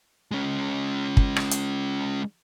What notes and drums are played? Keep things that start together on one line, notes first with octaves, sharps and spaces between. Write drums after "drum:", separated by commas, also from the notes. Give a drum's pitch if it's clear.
G#3 C#4
drum: kick
drum: rim click
drum: hi-hat